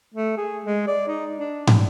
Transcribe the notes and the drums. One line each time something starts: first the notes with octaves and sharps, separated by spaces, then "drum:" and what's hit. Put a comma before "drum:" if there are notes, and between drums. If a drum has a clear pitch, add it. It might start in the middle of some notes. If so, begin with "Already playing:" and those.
A3
G#4
G#3
D5
D#4
D4
drum: tom